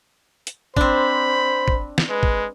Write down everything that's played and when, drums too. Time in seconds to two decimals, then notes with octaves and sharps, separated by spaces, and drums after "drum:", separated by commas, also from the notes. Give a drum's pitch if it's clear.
0.47 drum: hi-hat
0.76 C4 D4 C5 B5, drum: kick
1.68 drum: kick
1.98 drum: snare
2.10 G#3 B4
2.23 drum: kick